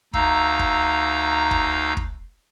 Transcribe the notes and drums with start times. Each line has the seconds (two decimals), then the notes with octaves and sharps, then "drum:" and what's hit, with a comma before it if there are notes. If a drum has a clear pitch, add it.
0.14 D2 D#4 F5 A#5 E6, drum: kick
0.59 drum: kick
1.51 drum: kick
1.97 drum: kick